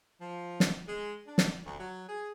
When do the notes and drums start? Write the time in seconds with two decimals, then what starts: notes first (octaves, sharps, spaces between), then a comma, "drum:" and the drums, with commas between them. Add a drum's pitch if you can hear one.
0.21 F3
0.60 drum: snare
0.88 G#3
1.27 D4
1.38 drum: snare
1.65 D2
1.79 F#3
2.09 G#4